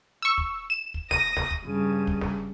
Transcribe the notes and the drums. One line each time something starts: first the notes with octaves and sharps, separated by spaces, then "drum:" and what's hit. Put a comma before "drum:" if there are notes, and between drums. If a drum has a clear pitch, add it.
C#6 E6
drum: kick
E7
drum: kick
D#6 A#6 D#7, drum: snare
drum: snare
drum: kick
G2 C#3
drum: kick
drum: snare